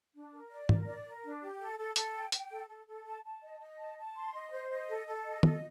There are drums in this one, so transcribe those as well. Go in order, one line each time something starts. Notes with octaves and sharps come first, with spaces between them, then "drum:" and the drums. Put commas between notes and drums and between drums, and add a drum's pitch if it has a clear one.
D4
A#4
D5
A#4, drum: tom
D5
A#4
D4
G4
A4
A4
A4, drum: hi-hat
G5
G5, drum: hi-hat
A4
A4
A4
A5
A5
D#5
D#5
A5
A5
C6
D#5
C5
D#5
A4
A4
D#5
A4, drum: tom